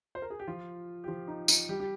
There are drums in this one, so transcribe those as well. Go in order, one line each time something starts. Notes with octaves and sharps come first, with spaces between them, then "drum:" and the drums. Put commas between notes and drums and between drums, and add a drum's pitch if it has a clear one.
C5
A#4
G#4
G4
F3 F4
G4
F3 F4
D#4
D#4, drum: tambourine
G3 G4
G4